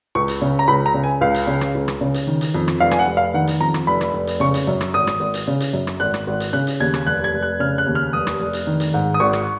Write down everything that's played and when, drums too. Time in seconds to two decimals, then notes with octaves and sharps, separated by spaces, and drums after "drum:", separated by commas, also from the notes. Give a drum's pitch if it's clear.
0.15 C#2 C#6
0.28 drum: hi-hat
0.42 C#3
0.59 A#5
0.68 C#2 B5
0.86 A#5
0.94 C#3
1.04 G#5
1.21 C#2 F5
1.34 drum: hi-hat
1.47 C#3
1.61 drum: rim click
1.75 C#2
1.88 drum: rim click
2.01 C#3
2.14 drum: hi-hat
2.27 D#3
2.41 drum: hi-hat
2.54 F2
2.68 drum: rim click
2.80 F1 F5
2.91 G#5, drum: rim click
2.99 F#5
3.07 F1
3.17 F5
3.34 D#3 F#5
3.47 drum: hi-hat
3.61 F2 A#5
3.74 drum: rim click
3.87 F1 B5
4.01 drum: rim click
4.14 F1
4.27 drum: hi-hat
4.40 C#3 C#6
4.54 drum: hi-hat
4.67 F#2
4.81 drum: rim click
4.94 G#1 D#6
5.07 drum: rim click
5.20 G#1
5.34 drum: hi-hat
5.48 C#3
5.60 drum: hi-hat
5.73 F#2
5.87 drum: rim click
6.00 G#1 F#6
6.14 drum: rim click
6.27 G#1
6.40 drum: hi-hat
6.53 C#3 F#6
6.67 drum: hi-hat
6.80 D#2 G#6
6.94 drum: rim click
7.07 F1 F#6
7.24 G#6
7.33 F1
7.42 F#6
7.60 C#3 F6
7.78 F#6
7.86 D#2
7.95 F6
8.13 F1 D#6
8.27 drum: rim click
8.41 F1
8.53 drum: hi-hat
8.67 D#3
8.80 drum: hi-hat
8.94 G#2
9.14 D#6
9.20 G#1 C#6
9.33 drum: rim click